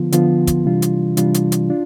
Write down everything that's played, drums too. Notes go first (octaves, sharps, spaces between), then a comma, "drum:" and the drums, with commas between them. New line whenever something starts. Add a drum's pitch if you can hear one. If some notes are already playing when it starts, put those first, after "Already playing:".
Already playing: D3 F3 B3 F4
D3 F3 B3 F4, drum: hi-hat
drum: kick, hi-hat
C3 E3 G3 D4 F4
drum: hi-hat
C3 E3 G3 D4 F4, drum: hi-hat
drum: hi-hat
drum: hi-hat
D4 F4